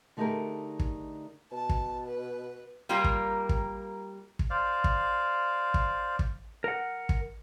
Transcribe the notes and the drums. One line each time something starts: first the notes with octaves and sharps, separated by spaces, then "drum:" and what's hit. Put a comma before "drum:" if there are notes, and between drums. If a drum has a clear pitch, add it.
D3 A3 D#4 G4 G#4 A#4
drum: kick
B2 A5
drum: kick
B4
G3 A#3 F4 A#4
drum: kick
drum: kick
drum: kick
C5 D5 F5
drum: kick
drum: kick
drum: kick
A#4 F#5
drum: kick